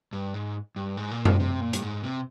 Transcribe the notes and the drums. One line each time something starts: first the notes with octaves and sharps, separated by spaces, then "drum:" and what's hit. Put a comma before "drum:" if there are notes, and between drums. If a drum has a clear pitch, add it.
G2
G#2
G2
G#2
A#2
C3, drum: tom F#2
C3
A#2
G2, drum: hi-hat
G#2
C3